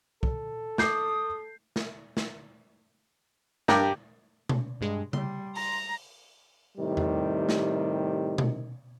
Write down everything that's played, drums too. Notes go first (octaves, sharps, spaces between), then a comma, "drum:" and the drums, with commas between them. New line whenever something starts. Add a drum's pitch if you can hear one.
A4, drum: kick
D6 D#6 G6 C7, drum: snare
drum: snare
drum: snare
G2 G4 A#4 G5, drum: snare
drum: tom B2
G2 G#3
G3 C6, drum: tom C#3
A#5, drum: open hi-hat
A2 C3 D#3 G3
drum: tom E2
drum: snare
drum: tom B2